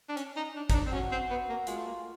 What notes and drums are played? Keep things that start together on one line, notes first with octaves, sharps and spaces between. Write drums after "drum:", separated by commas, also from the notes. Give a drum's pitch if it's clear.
D4
C#4, drum: hi-hat
D#4
D4
D#4, drum: kick G#1, hi-hat
D4
C4
C#4 F#4
C4
B3
A#3
G#3 F4, drum: hi-hat
A3
A#3